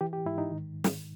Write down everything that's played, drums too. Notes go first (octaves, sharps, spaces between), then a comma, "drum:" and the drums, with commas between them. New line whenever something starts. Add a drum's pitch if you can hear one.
E3 G4
G4
G#2 E4
D#4
D#3
drum: snare